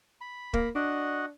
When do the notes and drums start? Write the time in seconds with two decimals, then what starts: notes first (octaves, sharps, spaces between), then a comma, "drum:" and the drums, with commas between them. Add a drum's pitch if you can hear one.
0.21 B5
0.53 A#3, drum: kick
0.75 D4 F#4 D#5 F#5